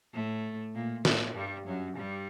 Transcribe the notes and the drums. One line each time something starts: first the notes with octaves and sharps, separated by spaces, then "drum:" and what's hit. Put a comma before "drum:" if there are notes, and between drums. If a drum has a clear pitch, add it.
A2 A3
A#2 A#3
A2 A3, drum: snare
G2 G3
F#2 F#3
G2 G3